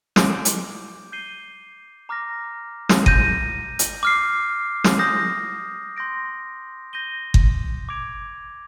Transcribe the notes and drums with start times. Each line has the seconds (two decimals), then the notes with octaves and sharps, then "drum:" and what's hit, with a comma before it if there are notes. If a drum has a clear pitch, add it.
0.16 D6 G6 D7, drum: snare
0.45 drum: hi-hat
1.12 G6 C7 D#7 G7
2.09 A#5 D6 F6 A#6
2.89 drum: snare
3.06 G6 A#6 D#7, drum: kick G1
3.79 drum: hi-hat
4.03 D6 F6 C7
4.84 drum: snare
4.99 D#6 G6 A#6
5.96 C6 G6 A#6 D7
6.93 G6 A#6 D#7 G7
7.34 drum: kick G1
7.89 D6 G#6 D7 F7